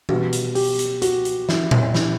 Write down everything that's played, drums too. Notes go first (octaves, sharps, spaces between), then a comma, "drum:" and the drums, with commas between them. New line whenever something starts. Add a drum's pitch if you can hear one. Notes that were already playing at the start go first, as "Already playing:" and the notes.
B2 G3 B3 F#4, drum: tom E3
drum: hi-hat
G4, drum: open hi-hat
drum: hi-hat
F#4, drum: hi-hat
drum: hi-hat
E4, drum: snare
drum: tom A#2
E4, drum: snare